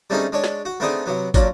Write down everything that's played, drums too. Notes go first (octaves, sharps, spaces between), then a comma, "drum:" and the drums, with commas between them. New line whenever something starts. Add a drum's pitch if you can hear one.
G3 A3 C4 C#4 D#4 G#4
G#3 D4 C#5
drum: snare
F#4
A3 B3 C4 D4 D#4 G#4
C3 F#3 B3
A#2 F#3 C#4 D4, drum: kick, tambourine